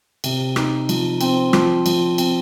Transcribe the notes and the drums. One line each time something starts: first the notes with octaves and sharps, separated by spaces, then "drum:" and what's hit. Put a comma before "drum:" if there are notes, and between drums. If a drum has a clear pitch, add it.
C3, drum: cymbal
D#4, drum: rim click
F3, drum: cymbal
C4, drum: cymbal
F3, drum: rim click
F3, drum: cymbal
C4, drum: cymbal